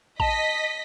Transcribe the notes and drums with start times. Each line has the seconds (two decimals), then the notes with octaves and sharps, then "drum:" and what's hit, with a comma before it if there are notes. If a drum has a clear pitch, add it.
0.20 D#5 A5 B6, drum: kick A#1